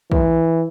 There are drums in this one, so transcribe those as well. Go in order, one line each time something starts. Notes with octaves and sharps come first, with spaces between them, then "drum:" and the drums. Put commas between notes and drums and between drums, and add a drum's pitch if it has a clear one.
E3, drum: kick